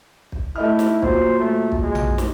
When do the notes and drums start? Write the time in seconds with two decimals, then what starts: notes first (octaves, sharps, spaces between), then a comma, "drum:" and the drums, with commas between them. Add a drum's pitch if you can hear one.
0.32 drum: kick
0.56 A3 E4 D#5 F6
0.79 drum: snare
1.02 A#2 F#3 C5, drum: kick
1.39 A3
1.72 drum: kick
1.82 G#3
1.95 drum: tom A#1
2.18 drum: snare